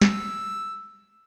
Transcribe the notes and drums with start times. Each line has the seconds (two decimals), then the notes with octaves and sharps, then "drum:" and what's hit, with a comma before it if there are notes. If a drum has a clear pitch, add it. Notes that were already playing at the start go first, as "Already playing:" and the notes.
0.01 E6, drum: snare